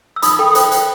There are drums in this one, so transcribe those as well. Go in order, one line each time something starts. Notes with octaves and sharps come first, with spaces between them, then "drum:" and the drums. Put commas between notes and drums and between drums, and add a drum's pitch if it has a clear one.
E6
D#4 B5 D#6, drum: hi-hat
A4 G5 B5
C5 G5 B5, drum: hi-hat
C5, drum: hi-hat